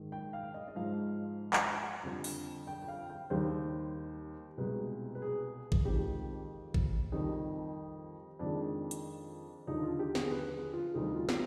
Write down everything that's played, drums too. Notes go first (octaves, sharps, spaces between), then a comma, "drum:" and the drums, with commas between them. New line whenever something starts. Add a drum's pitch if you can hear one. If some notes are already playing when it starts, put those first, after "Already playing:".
Already playing: G#2 D#3 G#3
G5
F5
D#5
D#5
G#2 F3 G#3 F5
drum: clap
F2 D3 G3
drum: open hi-hat
G5
G5
F5
G5
D#2 D#3 G3 C5
C2 B2 G#3 B4
B4
G#4
drum: kick A1
F2 D#3 G#3 G4
drum: kick A1
F2 D#3 G3 D#4
F2 D#3 G#3 D4
drum: hi-hat
D#2 D3 F3 D#4
F4
G4
G#4, drum: snare
B4
G#4
F4
D2 C3 D#3 G3 D#4
F4
F4, drum: snare